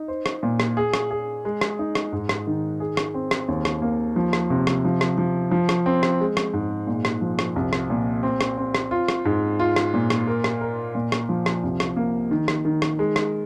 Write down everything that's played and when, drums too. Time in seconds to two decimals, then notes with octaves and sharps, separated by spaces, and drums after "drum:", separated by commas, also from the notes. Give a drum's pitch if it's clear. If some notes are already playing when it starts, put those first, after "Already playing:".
Already playing: D#4
0.08 C5
0.26 drum: rim click
0.43 A#2
0.60 drum: rim click
0.77 G#4
0.94 drum: rim click
1.11 G#4
1.45 G#3
1.61 drum: rim click
1.79 D#4
1.95 drum: rim click
2.13 G#2
2.29 drum: rim click
2.47 D#3
2.80 G#4
2.97 drum: rim click
3.14 C4
3.31 drum: rim click
3.48 D#2
3.65 drum: rim click
3.82 A#3
4.16 F3
4.33 drum: rim click
4.50 C3
4.67 drum: rim click
4.85 F3
5.01 drum: rim click
5.18 F3
5.51 F3
5.69 drum: rim click
5.86 C4
6.03 drum: rim click
6.20 G#3
6.37 drum: rim click
6.53 G#2
6.87 A#2
7.05 drum: rim click
7.21 F3
7.39 drum: rim click
7.56 C2
7.73 drum: rim click
7.90 A#2
8.23 C4
8.41 drum: rim click
8.57 C4
8.75 drum: rim click
8.91 F4
9.08 drum: rim click
9.25 G#2
9.59 F4
9.76 drum: rim click
9.94 A#2
10.10 drum: rim click
10.27 A#4
10.44 drum: rim click
10.61 A#4
10.95 A#2
11.12 drum: rim click
11.29 F3
11.46 drum: rim click
11.63 C2
11.80 drum: rim click
11.97 A#3
12.31 D#3
12.48 drum: rim click
12.65 D#3
12.82 drum: rim click
12.99 G#3
13.16 drum: rim click